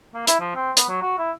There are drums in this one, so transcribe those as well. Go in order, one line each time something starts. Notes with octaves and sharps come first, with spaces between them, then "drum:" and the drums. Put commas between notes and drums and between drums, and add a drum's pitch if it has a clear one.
A#3
E4, drum: hi-hat
F3
C4
B3, drum: hi-hat
F#3
F#4
E4